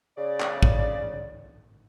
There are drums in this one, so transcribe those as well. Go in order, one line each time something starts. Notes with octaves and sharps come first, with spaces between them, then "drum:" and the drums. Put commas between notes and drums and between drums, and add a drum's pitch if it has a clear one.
C#3 D5
drum: clap
drum: kick G#1